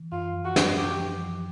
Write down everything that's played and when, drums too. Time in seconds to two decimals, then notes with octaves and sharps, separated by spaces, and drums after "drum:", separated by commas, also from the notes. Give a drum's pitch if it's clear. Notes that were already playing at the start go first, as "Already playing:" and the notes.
Already playing: E3
0.12 F#2 F4
0.34 F3
0.45 F#4
0.56 F3, drum: snare
0.77 F3 G4
1.00 F3
1.22 F3